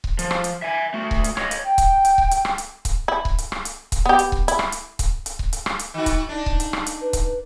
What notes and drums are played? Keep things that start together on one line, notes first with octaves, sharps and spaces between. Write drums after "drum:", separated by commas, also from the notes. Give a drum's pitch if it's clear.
drum: kick C#1
F3, drum: hi-hat
drum: rim click
drum: hi-hat
E5 G#5
A3 F#4
drum: kick C#1
drum: hi-hat
C#5 D#5, drum: rim click
drum: hi-hat
G5
drum: kick C#1, hi-hat
drum: hi-hat
drum: kick C#1
drum: hi-hat
drum: rim click
drum: hi-hat
drum: kick C#1, hi-hat
E4
drum: kick C#1
drum: hi-hat
drum: rim click
drum: hi-hat
drum: kick C#1, hi-hat
B3 G4
drum: hi-hat
drum: kick C#1
E4, drum: hi-hat
drum: rim click
drum: hi-hat
drum: kick C#1, hi-hat
drum: hi-hat
drum: kick C#1
drum: hi-hat
drum: rim click
drum: hi-hat
D#3 F#4
drum: kick C#1, hi-hat
D4 D#4
drum: kick C#1
drum: hi-hat
drum: rim click
drum: hi-hat
B4
drum: kick C#1, hi-hat